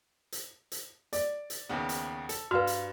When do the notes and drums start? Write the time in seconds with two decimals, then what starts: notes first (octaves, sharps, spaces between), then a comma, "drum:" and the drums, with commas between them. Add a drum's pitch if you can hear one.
0.32 drum: hi-hat
0.72 drum: hi-hat
1.13 D5, drum: hi-hat
1.50 drum: hi-hat
1.69 D#2 C#3 B3
1.89 drum: hi-hat
2.29 A4, drum: hi-hat
2.51 G2 F#4 B4 F5 F6
2.67 drum: hi-hat